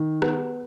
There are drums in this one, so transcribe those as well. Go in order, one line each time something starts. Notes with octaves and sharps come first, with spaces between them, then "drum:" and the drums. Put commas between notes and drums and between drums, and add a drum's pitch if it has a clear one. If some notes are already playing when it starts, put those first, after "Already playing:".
Already playing: D#3
B3, drum: rim click